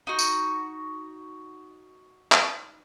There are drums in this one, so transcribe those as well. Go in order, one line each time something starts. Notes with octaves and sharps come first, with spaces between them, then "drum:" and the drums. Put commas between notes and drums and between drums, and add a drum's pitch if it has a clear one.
D#4 F#4
drum: tambourine
drum: clap